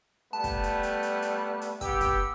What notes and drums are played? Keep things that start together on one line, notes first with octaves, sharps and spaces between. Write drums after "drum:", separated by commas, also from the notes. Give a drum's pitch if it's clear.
G3 A3 B3 A5
drum: kick, hi-hat
drum: hi-hat
drum: hi-hat
drum: hi-hat
drum: hi-hat
drum: hi-hat
B3 G4 E6, drum: kick, hi-hat
drum: kick, hi-hat